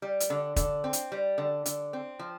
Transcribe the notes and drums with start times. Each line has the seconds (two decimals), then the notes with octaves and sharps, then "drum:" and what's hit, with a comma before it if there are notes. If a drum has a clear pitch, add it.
0.02 G3
0.20 drum: hi-hat
0.30 D3
0.56 D3, drum: kick, hi-hat
0.84 C4
0.93 drum: hi-hat
1.12 G3
1.38 D3
1.66 D3, drum: hi-hat
1.93 C4
2.19 F3